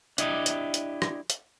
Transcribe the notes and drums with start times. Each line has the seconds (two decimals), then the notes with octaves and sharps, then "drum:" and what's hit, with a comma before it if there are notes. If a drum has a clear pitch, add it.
0.18 D4 E4 G4 D#5, drum: hi-hat
0.46 drum: hi-hat
0.74 drum: hi-hat
1.02 drum: rim click
1.30 drum: hi-hat